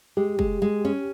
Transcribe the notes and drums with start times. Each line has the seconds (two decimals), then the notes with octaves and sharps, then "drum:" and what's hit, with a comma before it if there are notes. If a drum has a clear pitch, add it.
0.17 G#3 G4
0.39 G#3, drum: kick
0.62 G#3
0.85 C#4